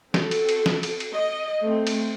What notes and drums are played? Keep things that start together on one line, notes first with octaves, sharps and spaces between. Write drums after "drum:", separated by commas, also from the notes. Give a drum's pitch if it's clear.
C4 F#4 A4, drum: snare
drum: cymbal
drum: cymbal
drum: snare
drum: cymbal
drum: cymbal
D#5
A3 C4
drum: cymbal